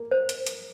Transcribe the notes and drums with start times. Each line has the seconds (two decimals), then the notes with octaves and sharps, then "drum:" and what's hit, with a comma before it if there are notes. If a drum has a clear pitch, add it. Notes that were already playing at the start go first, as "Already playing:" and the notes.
Already playing: A#3
0.11 C5
0.29 drum: hi-hat
0.46 drum: hi-hat